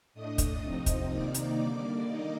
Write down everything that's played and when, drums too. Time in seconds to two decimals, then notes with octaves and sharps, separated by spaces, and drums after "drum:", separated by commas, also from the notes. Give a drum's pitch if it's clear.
0.14 A2 A3 D4 D#5 D#6
0.38 drum: kick, hi-hat
0.62 C3 F3 C4 D#4
0.86 drum: kick, hi-hat
1.10 C3 D#3 A#3 D#4 D5 D6
1.34 drum: hi-hat
1.58 D3 G3 A#3
2.06 D#3 A#3 D#4 D#5